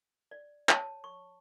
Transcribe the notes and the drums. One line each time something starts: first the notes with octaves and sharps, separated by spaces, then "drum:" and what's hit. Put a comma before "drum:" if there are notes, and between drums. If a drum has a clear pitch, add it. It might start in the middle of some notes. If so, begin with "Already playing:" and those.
D5
C#5 A5, drum: clap
C#6